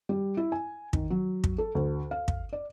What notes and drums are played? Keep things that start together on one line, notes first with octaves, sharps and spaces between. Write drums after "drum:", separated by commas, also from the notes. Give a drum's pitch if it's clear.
G3
E4
G#5
D#3, drum: kick
F#3
drum: kick
A4
D2
F5
drum: kick
D5